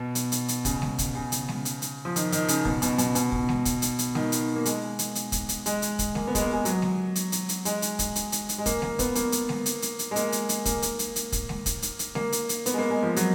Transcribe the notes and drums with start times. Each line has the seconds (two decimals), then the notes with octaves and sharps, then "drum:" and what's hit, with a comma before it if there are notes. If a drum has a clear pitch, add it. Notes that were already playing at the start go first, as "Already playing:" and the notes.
Already playing: B2
0.15 drum: hi-hat
0.32 drum: hi-hat
0.48 drum: hi-hat
0.65 C#3, drum: kick, hi-hat
0.82 drum: snare G#3
0.98 drum: kick, hi-hat
1.15 C#3
1.32 drum: hi-hat
1.49 drum: snare G#3
1.65 drum: hi-hat
1.82 drum: hi-hat
2.05 F3
2.16 D#3, drum: hi-hat
2.32 D#3, drum: hi-hat
2.48 C#3, drum: hi-hat
2.65 B2, drum: kick
2.82 B2, drum: hi-hat
2.98 B2, drum: hi-hat
3.15 B2, drum: hi-hat
3.32 drum: kick
3.49 drum: snare G#3
3.65 drum: kick, hi-hat
3.82 drum: hi-hat
3.99 drum: hi-hat
4.15 D#3, drum: snare G#3
4.32 drum: hi-hat
4.56 A#3
4.65 G#3, drum: hi-hat
4.99 drum: hi-hat
5.15 drum: hi-hat
5.32 drum: kick, hi-hat
5.49 drum: hi-hat
5.66 G#3, drum: hi-hat
5.82 drum: hi-hat
5.99 drum: kick, hi-hat
6.15 A#3, drum: snare G#3
6.27 B3
6.35 G#3, drum: kick, hi-hat
6.41 A#3
6.53 G#3
6.65 F#3, drum: hi-hat
6.82 drum: snare G#3
7.15 drum: hi-hat
7.32 drum: hi-hat
7.49 drum: hi-hat
7.65 G#3, drum: hi-hat
7.82 drum: hi-hat
7.99 drum: kick, hi-hat
8.16 drum: hi-hat
8.32 drum: hi-hat
8.49 drum: hi-hat
8.58 G#3
8.66 A#3, drum: kick, hi-hat
8.82 A#3, drum: snare G#3
8.99 B3, drum: kick, hi-hat
9.15 A#3, drum: hi-hat
9.32 drum: hi-hat
9.49 drum: snare G#3
9.66 drum: hi-hat
9.82 drum: hi-hat
9.99 drum: hi-hat
10.11 G#3
10.16 A#3, drum: hi-hat
10.32 drum: hi-hat
10.49 drum: hi-hat
10.65 A#3, drum: kick, hi-hat
10.82 drum: hi-hat
10.99 drum: hi-hat
11.16 drum: hi-hat
11.32 drum: kick, hi-hat
11.49 drum: snare G#3
11.66 drum: kick, hi-hat
11.82 drum: hi-hat
11.99 drum: hi-hat
12.15 A#3, drum: snare G#3
12.32 drum: hi-hat
12.49 drum: hi-hat
12.66 B3, drum: hi-hat
12.74 G#3
12.78 A#3
12.90 G#3
13.03 F3
13.16 F#3, drum: hi-hat